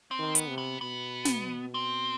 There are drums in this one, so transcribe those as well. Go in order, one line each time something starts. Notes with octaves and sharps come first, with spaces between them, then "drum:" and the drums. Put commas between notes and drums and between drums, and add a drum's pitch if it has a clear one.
C4
D#3
B3, drum: hi-hat
C3
B3
B2 B3
drum: snare
C4